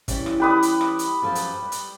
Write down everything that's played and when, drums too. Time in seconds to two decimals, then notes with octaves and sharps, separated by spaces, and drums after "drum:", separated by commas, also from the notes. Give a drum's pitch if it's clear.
0.08 E3 G3 C#4, drum: kick, hi-hat
0.26 drum: rim click
0.40 G4 B4 D#6
0.62 drum: hi-hat
0.81 drum: rim click
0.99 drum: hi-hat
1.22 F#2 F3 A4
1.35 drum: hi-hat
1.62 G3
1.72 drum: hi-hat